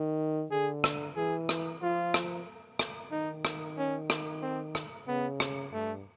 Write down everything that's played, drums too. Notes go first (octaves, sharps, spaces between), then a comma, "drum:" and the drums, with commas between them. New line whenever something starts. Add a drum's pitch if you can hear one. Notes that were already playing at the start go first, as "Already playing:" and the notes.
Already playing: D#3
D3 G#4
drum: rim click
E3 G#4
drum: rim click
F3 F4
drum: rim click
drum: rim click
D#3 D#4
drum: rim click
C#4
drum: rim click
C4
drum: rim click
C#3 B3
drum: rim click
G2 A3